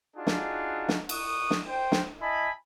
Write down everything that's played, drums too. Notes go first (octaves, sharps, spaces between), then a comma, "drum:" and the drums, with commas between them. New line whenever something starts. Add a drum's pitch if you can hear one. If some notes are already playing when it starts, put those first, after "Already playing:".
D4 D#4 F4 F#4 G#4
drum: snare
drum: snare
F#5 C#6 D#6, drum: cymbal
drum: snare
C5 G5
drum: snare
E4 D#5 G#5 A5 B5